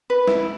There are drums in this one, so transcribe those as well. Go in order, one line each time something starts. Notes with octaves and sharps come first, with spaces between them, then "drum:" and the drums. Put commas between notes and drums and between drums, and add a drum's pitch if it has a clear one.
B4
E4, drum: snare G#3